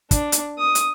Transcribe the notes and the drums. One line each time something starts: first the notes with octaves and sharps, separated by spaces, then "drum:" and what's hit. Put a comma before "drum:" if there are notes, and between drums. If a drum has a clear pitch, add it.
D4, drum: kick, hi-hat
drum: hi-hat
D#6
drum: hi-hat